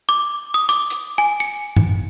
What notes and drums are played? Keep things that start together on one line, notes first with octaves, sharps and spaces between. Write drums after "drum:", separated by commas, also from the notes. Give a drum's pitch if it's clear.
D6
D#6
D6, drum: hi-hat
drum: hi-hat
G#5
C#7
drum: tom G2